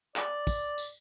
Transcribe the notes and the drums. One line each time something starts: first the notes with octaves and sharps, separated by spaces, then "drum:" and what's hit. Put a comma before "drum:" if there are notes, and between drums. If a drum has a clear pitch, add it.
D5, drum: clap
drum: kick, tambourine
drum: tambourine